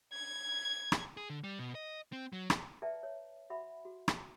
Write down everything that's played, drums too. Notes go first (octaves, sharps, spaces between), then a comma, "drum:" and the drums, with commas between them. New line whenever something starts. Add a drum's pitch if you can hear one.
G#6
drum: rim click
G#4
D3
G3
B2
D#5
C4
F#3
drum: rim click
B4 D5 E5 G5 A5 A#5
C#5
F#4 E5 F#5 B5
F#4
drum: rim click